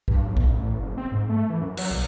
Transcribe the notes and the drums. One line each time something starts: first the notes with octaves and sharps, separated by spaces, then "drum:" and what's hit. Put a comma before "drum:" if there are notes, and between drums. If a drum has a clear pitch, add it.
G2, drum: kick B1
B1
drum: kick B1
A1
F#1
C4
G#2
A3
E3
F#2
F#3, drum: cymbal
B1